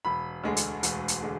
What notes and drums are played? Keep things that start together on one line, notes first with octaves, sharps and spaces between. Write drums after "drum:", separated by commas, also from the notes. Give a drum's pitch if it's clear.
E1 B5
D2 D3 G#3
drum: hi-hat
E1, drum: hi-hat
drum: hi-hat
D3 G#3